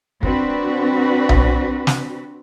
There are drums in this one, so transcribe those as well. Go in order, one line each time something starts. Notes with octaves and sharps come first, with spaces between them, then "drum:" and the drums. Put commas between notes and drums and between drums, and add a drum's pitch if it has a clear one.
C4 D4 F#4 B4, drum: kick
drum: tom B1
drum: snare